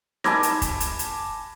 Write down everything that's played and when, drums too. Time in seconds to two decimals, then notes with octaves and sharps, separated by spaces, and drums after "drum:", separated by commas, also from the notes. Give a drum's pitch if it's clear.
0.24 G#5 A5 B5 D6 G#6 A#6, drum: snare D#4
0.43 drum: hi-hat
0.62 drum: kick, hi-hat
0.80 drum: hi-hat
0.99 drum: hi-hat